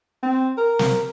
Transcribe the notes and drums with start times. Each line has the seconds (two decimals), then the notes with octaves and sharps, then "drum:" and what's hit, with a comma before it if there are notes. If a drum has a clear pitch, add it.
0.23 C4
0.58 A#4
0.79 drum: snare